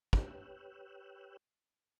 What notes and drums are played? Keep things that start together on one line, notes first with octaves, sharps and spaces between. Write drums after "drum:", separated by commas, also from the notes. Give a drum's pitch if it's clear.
G4 B4 C#5 G5 E6 F#6, drum: kick